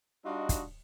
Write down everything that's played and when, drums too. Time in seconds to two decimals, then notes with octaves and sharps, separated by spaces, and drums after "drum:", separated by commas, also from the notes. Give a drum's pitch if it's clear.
0.25 G3 D4 D#4 F4 F#4 D#5
0.49 drum: kick, hi-hat